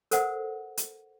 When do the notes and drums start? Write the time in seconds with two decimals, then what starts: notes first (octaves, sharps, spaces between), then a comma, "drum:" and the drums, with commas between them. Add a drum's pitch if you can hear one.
0.11 A4 A#4 C5 F#5, drum: hi-hat
0.77 drum: hi-hat